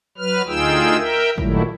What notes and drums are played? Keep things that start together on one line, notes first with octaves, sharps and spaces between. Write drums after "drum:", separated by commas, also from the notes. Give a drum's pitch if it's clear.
F#3 B4 F6
D2 D#4 F4 G#4 G5 E6
A#4 E5 G5
A#2 D#3 F#3 G3 A3 E4, drum: kick